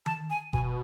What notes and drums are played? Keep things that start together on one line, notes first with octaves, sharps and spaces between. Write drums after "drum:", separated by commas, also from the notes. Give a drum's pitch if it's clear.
A5, drum: tom D#3
G#5
B2 G#5, drum: kick F#1